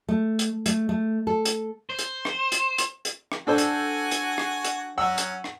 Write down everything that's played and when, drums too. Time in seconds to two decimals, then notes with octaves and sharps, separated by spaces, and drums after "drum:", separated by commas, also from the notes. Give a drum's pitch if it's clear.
0.09 A3
0.39 drum: hi-hat
0.66 A3, drum: hi-hat
0.89 A3
1.27 A4
1.45 drum: hi-hat
1.90 C5
1.99 drum: hi-hat
2.25 drum: rim click
2.52 drum: hi-hat
2.78 drum: hi-hat
3.05 drum: hi-hat
3.32 drum: rim click
3.47 D4 F#4 A4 C5 G#5
3.58 drum: hi-hat
4.11 drum: hi-hat
4.38 drum: rim click
4.65 drum: hi-hat
4.98 F#3 C#4 F#5 E6
5.18 drum: hi-hat
5.44 drum: rim click